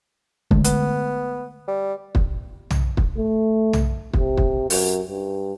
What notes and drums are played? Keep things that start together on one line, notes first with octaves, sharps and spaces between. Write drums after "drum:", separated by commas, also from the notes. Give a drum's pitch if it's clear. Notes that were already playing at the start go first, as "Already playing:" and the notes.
D3 G#3 A3, drum: kick
B3, drum: hi-hat
G3
drum: kick
drum: tom
drum: kick
A3
drum: tom
C3, drum: kick
drum: kick
F#2, drum: open hi-hat
G2